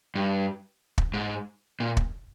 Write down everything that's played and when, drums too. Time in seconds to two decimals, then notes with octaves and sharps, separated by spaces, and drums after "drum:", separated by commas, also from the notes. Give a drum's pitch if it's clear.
0.15 G2
0.98 drum: kick
1.14 G#2
1.80 A#2
1.97 drum: kick